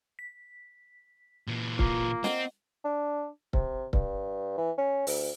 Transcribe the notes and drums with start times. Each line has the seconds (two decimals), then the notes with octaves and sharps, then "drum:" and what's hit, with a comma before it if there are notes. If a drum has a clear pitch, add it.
0.19 B6
1.47 A#2 E3
1.79 A#3 F4, drum: kick C#1
2.24 C4 D#5 F#5, drum: snare
2.84 D4
3.53 C3, drum: kick C#1
3.93 G2, drum: kick C#1
4.57 E3
4.78 C#4
5.07 D2, drum: open hi-hat